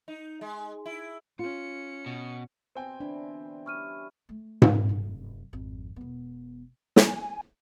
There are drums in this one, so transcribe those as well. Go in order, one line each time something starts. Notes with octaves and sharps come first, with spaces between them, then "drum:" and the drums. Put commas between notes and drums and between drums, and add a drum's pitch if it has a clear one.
D#4
G#3
E4
C#4 F4 C#7
B2
B2 C4 C5 G5 G#5 C6
E3 D4
G3 C#4 E4 C#6 F6 D#7
A3
drum: tom G#2
F1 F#2
G#1 F2
E1 B3
G#5, drum: snare